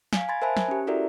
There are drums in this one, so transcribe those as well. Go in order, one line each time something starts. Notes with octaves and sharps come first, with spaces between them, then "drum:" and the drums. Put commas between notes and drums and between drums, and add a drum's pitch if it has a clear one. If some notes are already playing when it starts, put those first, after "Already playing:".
F5 G#5, drum: snare
G#5 B5 C6 G#6 A6
A#4 C5 E5 G#5 A5 B5
drum: snare
C#4 G4
E4 F#4 A4 A#4 D5 E5